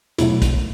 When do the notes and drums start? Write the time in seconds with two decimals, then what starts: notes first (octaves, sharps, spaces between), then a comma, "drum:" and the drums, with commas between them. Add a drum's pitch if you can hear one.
0.18 E2 B2 F#3 A3 E4, drum: hi-hat
0.42 drum: kick, hi-hat